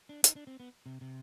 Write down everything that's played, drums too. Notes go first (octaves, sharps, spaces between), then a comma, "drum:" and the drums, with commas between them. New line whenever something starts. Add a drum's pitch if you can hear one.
D4
D#4, drum: hi-hat
D4
C4
B3
C3
C3